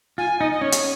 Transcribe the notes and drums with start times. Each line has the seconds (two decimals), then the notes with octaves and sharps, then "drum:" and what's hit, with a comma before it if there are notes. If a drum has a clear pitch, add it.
0.18 F4 G#5
0.40 D#4 D#5
0.53 D#5
0.61 C#4 C#5
0.72 drum: hi-hat